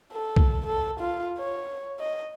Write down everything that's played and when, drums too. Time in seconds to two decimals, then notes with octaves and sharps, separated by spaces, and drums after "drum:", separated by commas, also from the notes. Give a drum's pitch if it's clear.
0.13 A4
0.36 drum: kick C2
0.66 A4
1.00 F4
1.38 C#5
2.00 D#5